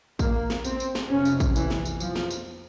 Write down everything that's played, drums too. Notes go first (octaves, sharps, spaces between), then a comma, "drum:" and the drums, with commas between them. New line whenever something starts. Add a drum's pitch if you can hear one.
A#3, drum: kick, tambourine
drum: snare
C4, drum: tambourine
drum: tambourine
drum: snare
F1 F2 C3 C#4
drum: tambourine
drum: kick, tambourine
E3, drum: tambourine
drum: snare
drum: tambourine
F3, drum: tambourine
drum: snare
drum: tambourine